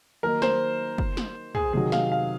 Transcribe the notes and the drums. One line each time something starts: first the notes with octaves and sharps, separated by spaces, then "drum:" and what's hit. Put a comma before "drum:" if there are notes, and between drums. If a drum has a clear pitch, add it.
D#3 F#3 A#3 D#4 A#4
C5, drum: snare
drum: kick
drum: snare
G#4, drum: tom
C3 D#3 F#3 G#4
F5, drum: snare
F5